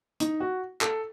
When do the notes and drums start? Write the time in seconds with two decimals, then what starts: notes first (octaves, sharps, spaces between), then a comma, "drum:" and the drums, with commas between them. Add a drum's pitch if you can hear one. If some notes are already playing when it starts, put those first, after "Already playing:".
0.20 D#4, drum: hi-hat
0.40 F#4
0.81 A4, drum: clap